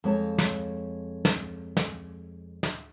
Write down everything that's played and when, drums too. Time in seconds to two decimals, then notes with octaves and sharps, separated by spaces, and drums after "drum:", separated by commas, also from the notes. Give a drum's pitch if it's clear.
0.04 F2 G#3 C#5 A5
0.38 drum: snare
1.25 drum: snare
1.77 drum: snare
2.63 drum: snare